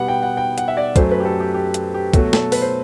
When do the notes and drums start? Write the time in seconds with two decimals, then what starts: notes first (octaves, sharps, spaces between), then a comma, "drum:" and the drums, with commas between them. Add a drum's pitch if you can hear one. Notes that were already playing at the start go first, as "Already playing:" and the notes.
Already playing: B2 G3 B3 F#5
0.08 G5
0.23 F#5
0.37 G5
0.58 F#5, drum: hi-hat
0.68 E5
0.77 D5
0.96 F#2 F#3 A3 C5, drum: kick, hi-hat
1.11 B4
1.20 G4
1.25 A4
1.40 G4
1.54 G4
1.74 drum: hi-hat
1.94 G4
2.14 B2 F#3 A3 F#4, drum: kick, hi-hat
2.33 A4, drum: snare
2.52 B4, drum: open hi-hat
2.62 C5